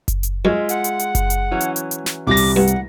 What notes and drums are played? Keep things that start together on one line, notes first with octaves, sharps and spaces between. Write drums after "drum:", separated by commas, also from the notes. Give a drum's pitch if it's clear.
drum: kick F#1, hi-hat
drum: hi-hat
F#2 G#3 F4 E5
F#5, drum: hi-hat
drum: hi-hat
drum: hi-hat
drum: kick F#1, hi-hat
drum: hi-hat
E3 F#3 C#4
drum: hi-hat
drum: hi-hat
drum: hi-hat
drum: snare
C2 G3 D6 A#6
drum: open hi-hat
G2 F#5
drum: hi-hat